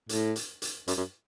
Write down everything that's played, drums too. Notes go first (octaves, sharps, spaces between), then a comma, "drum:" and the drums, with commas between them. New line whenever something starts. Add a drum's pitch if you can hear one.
A2, drum: hi-hat
drum: hi-hat
drum: hi-hat
F#2, drum: hi-hat
F#2